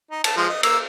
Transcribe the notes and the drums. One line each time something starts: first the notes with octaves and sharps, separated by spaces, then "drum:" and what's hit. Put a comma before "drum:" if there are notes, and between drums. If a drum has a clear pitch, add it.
D#4
A5, drum: cymbal
F3 G#3
D#5
A#3 E6, drum: cymbal